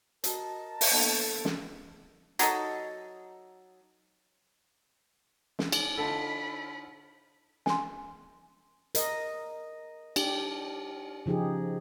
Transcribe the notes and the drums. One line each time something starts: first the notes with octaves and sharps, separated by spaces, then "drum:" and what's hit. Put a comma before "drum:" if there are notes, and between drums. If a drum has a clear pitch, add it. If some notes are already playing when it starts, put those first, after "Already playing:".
F#4 A#4 D#5 A5, drum: hi-hat
drum: open hi-hat
A#3 B3 D4 A4 F#5
drum: snare
F#3 D#4 A4 D#5, drum: hi-hat
drum: snare
drum: cymbal
D3 D#4 F4 A4 B5
G#5 C6, drum: snare
A#4 D#5, drum: hi-hat
D4 G4, drum: cymbal
C#3 F3 D#4 G4 G#4